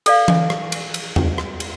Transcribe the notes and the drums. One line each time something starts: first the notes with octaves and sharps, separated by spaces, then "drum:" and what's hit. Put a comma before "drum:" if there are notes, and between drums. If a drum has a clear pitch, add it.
A4 D5 F5, drum: cymbal
drum: tom E3
drum: rim click
drum: cymbal
drum: cymbal
drum: tom E2
drum: rim click
drum: cymbal